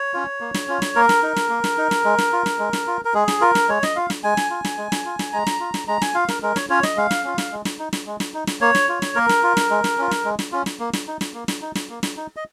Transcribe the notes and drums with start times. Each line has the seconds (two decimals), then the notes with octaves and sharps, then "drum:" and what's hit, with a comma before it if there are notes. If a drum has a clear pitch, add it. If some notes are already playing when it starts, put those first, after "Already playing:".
Already playing: C#5
0.14 C#4 F4
0.41 A#3
0.54 drum: snare
0.68 C#4 F4
0.82 drum: snare
0.96 A#3 A#4
1.09 drum: snare
1.23 D#4
1.36 drum: snare
1.50 A#3
1.64 drum: snare
1.78 D#4
1.91 drum: snare
2.05 G#3
2.18 drum: snare
2.33 F4
2.46 drum: snare
2.59 G#3
2.73 drum: snare
2.87 F4
3.05 A#4
3.14 G#3 G#4
3.28 drum: snare
3.41 F4 A#4
3.55 drum: snare
3.69 G#3 C#5
3.83 D#5, drum: snare
3.96 F4 F5
4.10 drum: snare
4.23 G#3 G#5
4.37 drum: snare
4.50 F4
4.65 drum: snare
4.78 G#3
4.92 drum: snare
5.06 F4
5.19 drum: snare
5.33 G#3 A#5
5.47 drum: snare
5.60 F4
5.74 drum: snare
5.87 G#3 A#5
6.02 G#5, drum: snare
6.14 F4 F5
6.29 A#4, drum: snare
6.42 G#3 A#4
6.56 C#5, drum: snare
6.70 C#4 F4 C#5
6.83 D#5, drum: snare
6.97 G#3 F5
7.11 drum: snare
7.24 C#4 F4
7.38 drum: snare
7.52 G#3
7.65 drum: snare
7.79 D#4
7.93 drum: snare
8.07 G#3
8.20 drum: snare
8.34 D#4
8.47 drum: snare
8.61 A#3 C#5
8.75 drum: snare
8.89 F4
9.02 drum: snare
9.15 A#3 A#4
9.29 drum: snare
9.43 F4
9.57 drum: snare
9.70 G#3
9.84 drum: snare
9.97 C#4 F4
10.11 drum: snare
10.25 G#3
10.39 drum: snare
10.52 C#4 F4
10.66 drum: snare
10.80 A#3
10.93 drum: snare
11.07 D#4
11.21 drum: snare
11.34 A#3
11.48 drum: snare
11.62 D#4
11.75 drum: snare
11.89 A#3
12.03 drum: snare
12.17 D#4
12.36 D#5